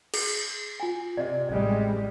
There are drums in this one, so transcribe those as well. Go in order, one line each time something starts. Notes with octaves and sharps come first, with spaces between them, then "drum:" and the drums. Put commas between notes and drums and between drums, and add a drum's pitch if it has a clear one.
G#4, drum: cymbal
F4 G#5
C3 D5 D#5
A1 G3 G#3 D5